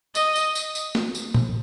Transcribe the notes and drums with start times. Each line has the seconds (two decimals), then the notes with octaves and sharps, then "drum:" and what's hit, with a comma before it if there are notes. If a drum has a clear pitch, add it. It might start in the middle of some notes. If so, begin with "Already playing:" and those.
0.15 D#5, drum: tambourine
0.36 drum: tambourine
0.55 drum: tambourine
0.75 drum: tambourine
0.95 drum: snare
1.15 drum: tambourine
1.34 drum: tom A2